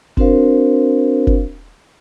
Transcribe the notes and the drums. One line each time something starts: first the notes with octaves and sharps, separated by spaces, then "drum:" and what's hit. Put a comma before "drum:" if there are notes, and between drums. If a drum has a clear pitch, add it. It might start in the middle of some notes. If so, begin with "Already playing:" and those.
C4 D4 F#4 A#4 C5 F5, drum: kick
drum: kick